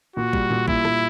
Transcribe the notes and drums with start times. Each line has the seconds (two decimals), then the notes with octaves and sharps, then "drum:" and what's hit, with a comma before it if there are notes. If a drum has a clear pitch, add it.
0.16 A#2 F#4
0.33 G3, drum: kick
0.50 A#2
0.68 A#2 E4, drum: kick
0.85 A#2, drum: rim click